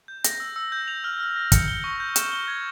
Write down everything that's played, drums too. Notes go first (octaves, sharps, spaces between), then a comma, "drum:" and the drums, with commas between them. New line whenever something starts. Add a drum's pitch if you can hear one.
G6
A#6, drum: hi-hat
E6
E6
G6
F7
F6
F6
A#6
C#7, drum: kick, hi-hat
G7
C#6
G6
E7, drum: hi-hat
G7
G#6